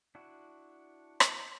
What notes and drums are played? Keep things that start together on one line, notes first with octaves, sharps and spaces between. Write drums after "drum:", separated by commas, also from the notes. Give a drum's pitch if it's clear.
D4 E4 F#4
drum: rim click